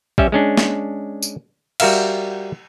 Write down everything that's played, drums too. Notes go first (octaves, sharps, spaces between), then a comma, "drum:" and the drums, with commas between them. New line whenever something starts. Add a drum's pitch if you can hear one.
G3 C#4 E5, drum: kick A#1
G#3 C#4 D4
drum: snare
drum: tambourine
G3 F#4 A#4 E5 F5, drum: cymbal